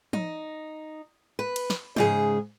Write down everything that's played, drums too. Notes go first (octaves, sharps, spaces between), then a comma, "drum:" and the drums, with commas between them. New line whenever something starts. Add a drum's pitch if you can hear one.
D#4, drum: tom
B4
drum: cymbal
drum: snare
G#2 C#3 G#4, drum: tom